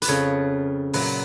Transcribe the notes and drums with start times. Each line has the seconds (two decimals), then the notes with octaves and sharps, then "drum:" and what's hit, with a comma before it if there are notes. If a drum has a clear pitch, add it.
0.02 B4, drum: hi-hat
0.08 F2 C#3 F3 C#5
0.93 A#2 F#3 B4, drum: open hi-hat